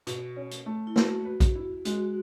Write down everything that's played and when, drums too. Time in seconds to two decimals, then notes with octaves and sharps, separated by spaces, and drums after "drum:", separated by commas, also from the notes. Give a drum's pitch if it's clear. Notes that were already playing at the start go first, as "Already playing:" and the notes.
0.07 B2, drum: hi-hat
0.37 C#4
0.51 drum: hi-hat
0.66 A3
0.87 E4
0.96 A3 F#4, drum: snare
1.25 B4
1.40 drum: kick A#1, hi-hat
1.55 E4
1.85 G#3 F#4, drum: hi-hat